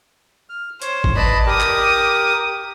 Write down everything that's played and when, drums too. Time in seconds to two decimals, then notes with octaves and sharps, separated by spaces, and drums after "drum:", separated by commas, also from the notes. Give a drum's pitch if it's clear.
0.49 F6
0.82 C5 C#5, drum: hi-hat
1.04 drum: kick G#1
1.16 B4 D5 D#5 A5 B5
1.46 G4 A#4 D6 D#6
1.60 drum: clap